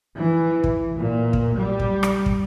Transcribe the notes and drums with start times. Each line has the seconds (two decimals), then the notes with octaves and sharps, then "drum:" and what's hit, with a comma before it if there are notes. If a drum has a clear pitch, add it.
0.17 E3
0.64 drum: kick
0.99 A#2
1.33 drum: kick
1.57 G3
1.80 drum: kick
2.03 drum: rim click
2.26 drum: kick